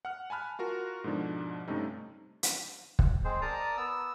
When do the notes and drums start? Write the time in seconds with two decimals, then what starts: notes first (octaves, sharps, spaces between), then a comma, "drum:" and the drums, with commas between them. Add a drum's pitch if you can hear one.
0.05 F#5 F6
0.30 G#5 A5 B5 F6 F#6
0.59 F4 F#4 A#4
1.04 G#2 B2 D3 F3 D4
1.68 G2 C3 A3 C#4 D#4
2.43 drum: hi-hat
2.99 drum: kick
3.25 G#3 C4 G#4 C5
3.42 A#4 D5 A5 A#5 D#6
3.77 B3 E6